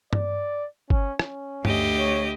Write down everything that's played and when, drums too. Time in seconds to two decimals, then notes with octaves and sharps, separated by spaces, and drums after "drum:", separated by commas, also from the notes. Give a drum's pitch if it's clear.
0.13 D5, drum: tom G2
0.90 C#4, drum: kick G1
1.19 C#4, drum: rim click
1.65 D2 G4 D#5, drum: tom G2
1.98 C#5